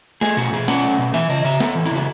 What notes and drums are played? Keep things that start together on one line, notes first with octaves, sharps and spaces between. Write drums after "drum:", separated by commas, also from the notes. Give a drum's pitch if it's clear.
A3 G#4, drum: snare
B2 F#4
B2 G#4
C#4 F#5, drum: snare
A3
B2
E3 E5, drum: snare
C#3 D#5
C#3 E5
B3 A4, drum: snare
E3
E4, drum: hi-hat
C#3 F#4